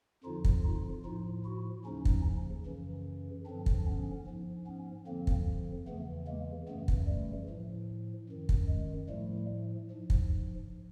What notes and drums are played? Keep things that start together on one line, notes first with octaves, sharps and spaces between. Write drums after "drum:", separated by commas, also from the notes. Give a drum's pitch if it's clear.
F2 D3 F3 D#4 F4
drum: kick
D#4 F4
A2 F3 D#4 F4
E4 F#4
D#2 C#3 F3 C#4 D#4
drum: kick
F#2 C#3 E3
G2 D3 F3 C4 D4
drum: kick
B3 C#4
G#2 F3
B3 C#4
F2 D3 F3 A#3 C4
drum: kick
E2 C#3 E3 A3 B3
G#3 A#3
F#2 C#3 E3 A3 B3
drum: kick
G3 A3
A2 F3
F#2 D#3
drum: kick
G#3
A2 F3 G3 A3
G#2 F3
drum: kick